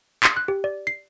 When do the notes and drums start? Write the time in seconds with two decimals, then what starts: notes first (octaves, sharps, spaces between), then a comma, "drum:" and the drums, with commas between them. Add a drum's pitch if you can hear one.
0.24 C6, drum: clap
0.37 F#6
0.48 G4
0.64 D5
0.87 C7